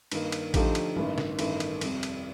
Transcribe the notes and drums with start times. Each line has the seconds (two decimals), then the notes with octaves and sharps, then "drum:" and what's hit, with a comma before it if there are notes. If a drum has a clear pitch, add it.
0.12 G2 D#3 A#3, drum: cymbal
0.32 drum: cymbal
0.54 D3 F3 A3 D#4 G4, drum: kick A1, cymbal
0.75 drum: cymbal
0.97 A1 G2 D#3, drum: tom F3
1.18 drum: snare
1.39 A1 G2 D#3 A3, drum: cymbal
1.60 drum: cymbal
1.81 F2 C3 G3, drum: cymbal
2.03 drum: cymbal